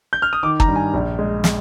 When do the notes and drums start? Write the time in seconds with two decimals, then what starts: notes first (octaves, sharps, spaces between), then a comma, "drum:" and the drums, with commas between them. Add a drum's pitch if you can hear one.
0.13 G6
0.22 F6
0.33 D#6
0.43 D#3 D6
0.60 A#5, drum: kick
0.68 G2
0.76 G#5
0.94 A#1
1.19 G#3
1.44 drum: snare